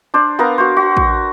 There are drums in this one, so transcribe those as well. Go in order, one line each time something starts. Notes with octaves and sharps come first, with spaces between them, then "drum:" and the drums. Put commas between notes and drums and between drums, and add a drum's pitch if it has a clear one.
D4 C5 D5
B3 A#4 F5 A#5
F#4 C5
F#4
drum: kick